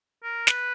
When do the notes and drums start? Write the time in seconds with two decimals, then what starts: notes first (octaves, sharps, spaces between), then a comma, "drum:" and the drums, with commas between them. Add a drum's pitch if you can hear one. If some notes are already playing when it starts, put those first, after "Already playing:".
0.23 A#4
0.47 B4, drum: snare